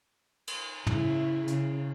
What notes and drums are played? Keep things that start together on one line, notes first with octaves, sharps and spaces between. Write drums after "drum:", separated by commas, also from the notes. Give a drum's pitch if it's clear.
drum: cymbal
C#3 E4, drum: tom
C#3, drum: hi-hat